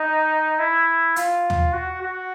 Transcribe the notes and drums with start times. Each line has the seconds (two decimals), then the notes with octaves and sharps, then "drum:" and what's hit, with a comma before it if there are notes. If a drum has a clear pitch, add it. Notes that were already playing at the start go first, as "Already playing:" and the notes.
Already playing: D#4
0.59 E4
1.16 F4, drum: hi-hat
1.50 drum: tom
1.73 F#4
2.02 F#4